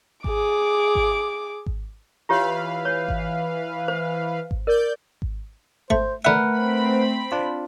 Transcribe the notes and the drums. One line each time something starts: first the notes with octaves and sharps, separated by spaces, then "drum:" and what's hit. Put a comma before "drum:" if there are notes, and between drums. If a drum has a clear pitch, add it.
G#4 D6, drum: kick G#1
drum: kick G#1
drum: kick G#1
E3 F4 G4 B4 C#5 F5
C#5
drum: kick G#1
C5
drum: kick G#1
A#4 D5 G6
drum: kick G#1
A3 C5, drum: kick G#1
D3 A3 A#4 B4 E5 F#5
C4 B5
D4 F4